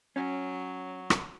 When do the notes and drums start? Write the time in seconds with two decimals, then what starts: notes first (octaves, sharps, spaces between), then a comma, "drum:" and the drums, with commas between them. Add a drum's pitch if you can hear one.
0.16 F#3 C#4
1.10 drum: rim click